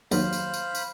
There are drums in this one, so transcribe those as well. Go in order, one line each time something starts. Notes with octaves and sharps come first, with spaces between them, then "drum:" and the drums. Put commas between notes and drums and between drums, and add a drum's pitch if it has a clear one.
D#2 F#3 C5 F5 B5, drum: tambourine
drum: tambourine
drum: tambourine
drum: tambourine